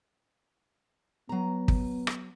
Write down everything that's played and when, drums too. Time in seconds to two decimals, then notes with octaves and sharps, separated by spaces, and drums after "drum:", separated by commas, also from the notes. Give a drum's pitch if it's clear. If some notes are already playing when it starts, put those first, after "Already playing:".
1.29 F#3 B3 A#5
1.68 drum: kick
2.07 drum: rim click